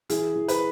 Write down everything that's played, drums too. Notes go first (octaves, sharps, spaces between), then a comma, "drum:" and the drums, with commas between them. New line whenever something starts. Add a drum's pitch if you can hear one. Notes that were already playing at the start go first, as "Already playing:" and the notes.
E3 G#4, drum: hi-hat
E3
B4, drum: hi-hat